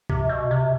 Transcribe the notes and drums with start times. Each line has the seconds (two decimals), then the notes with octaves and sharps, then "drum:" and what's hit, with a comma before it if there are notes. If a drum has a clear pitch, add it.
0.10 C3, drum: kick
0.29 B2
0.51 C3